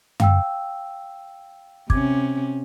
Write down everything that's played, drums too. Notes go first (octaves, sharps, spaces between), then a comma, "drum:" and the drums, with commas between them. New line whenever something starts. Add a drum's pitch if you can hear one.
F5 G5 E6, drum: tom F#2
C3 C#4 D6 G#6, drum: kick